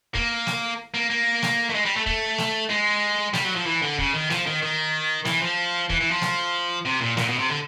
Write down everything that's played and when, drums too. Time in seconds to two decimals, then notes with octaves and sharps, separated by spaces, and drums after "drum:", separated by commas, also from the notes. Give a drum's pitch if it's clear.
0.15 A#3, drum: kick
0.47 drum: snare
0.94 A#3
1.10 A#3
1.42 drum: snare
1.70 A3
1.74 G#3
1.85 G3
1.96 A3
2.06 A3, drum: kick
2.38 drum: snare
2.70 G#3
3.33 G3, drum: snare
3.44 F#3
3.55 F3
3.66 E3
3.82 D3
3.98 C#3, drum: kick
4.14 D#3
4.30 F3, drum: snare
4.46 D#3
4.62 D#3
5.25 E3, drum: snare
5.42 F3
5.90 E3, drum: kick
6.01 E3
6.11 F3
6.21 drum: snare
6.85 C3
7.01 A#2
7.17 A#2, drum: snare
7.28 B2
7.39 C3
7.49 D3